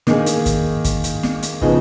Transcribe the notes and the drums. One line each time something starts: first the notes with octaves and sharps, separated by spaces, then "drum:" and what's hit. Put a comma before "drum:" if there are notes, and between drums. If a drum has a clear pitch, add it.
D#3 A#3 D#4 G#4, drum: snare
drum: hi-hat
drum: kick, hi-hat
drum: kick, hi-hat
drum: hi-hat
drum: snare
drum: hi-hat
C#3 F3 B3 D#4 G#4, drum: kick